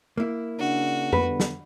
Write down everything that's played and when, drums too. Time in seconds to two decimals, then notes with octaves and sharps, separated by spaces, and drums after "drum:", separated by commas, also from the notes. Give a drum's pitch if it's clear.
0.18 A#3 E4
0.59 C#3 D4 F#4
1.13 D3 G3 B3 B4, drum: tom F2
1.40 drum: snare